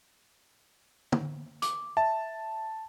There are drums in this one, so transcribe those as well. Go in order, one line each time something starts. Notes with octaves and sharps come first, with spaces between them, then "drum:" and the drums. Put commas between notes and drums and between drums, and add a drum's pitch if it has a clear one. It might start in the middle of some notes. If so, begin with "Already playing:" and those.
drum: tom
D6, drum: hi-hat
E5 A5